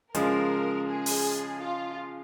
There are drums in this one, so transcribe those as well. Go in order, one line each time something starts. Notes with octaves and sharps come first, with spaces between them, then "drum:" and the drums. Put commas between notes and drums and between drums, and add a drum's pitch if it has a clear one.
C#3 F3 G#3 A#4, drum: hi-hat
G#4
drum: open hi-hat
F4